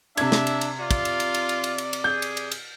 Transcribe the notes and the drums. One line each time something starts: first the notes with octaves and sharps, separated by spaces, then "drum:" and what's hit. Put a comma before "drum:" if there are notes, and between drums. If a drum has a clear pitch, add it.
C3 D4 E5 G#6, drum: cymbal
drum: snare
drum: cymbal
drum: cymbal
F4 D5
drum: kick, cymbal
drum: cymbal
drum: cymbal
drum: cymbal
drum: cymbal
drum: cymbal
drum: cymbal
drum: cymbal
G#4 G6
drum: cymbal
drum: cymbal
drum: cymbal